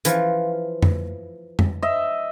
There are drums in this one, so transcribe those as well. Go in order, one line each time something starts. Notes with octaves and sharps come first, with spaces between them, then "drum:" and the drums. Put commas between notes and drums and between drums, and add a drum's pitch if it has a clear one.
E3 F3 F4, drum: hi-hat
drum: tom F2
drum: tom F2
D#5 E5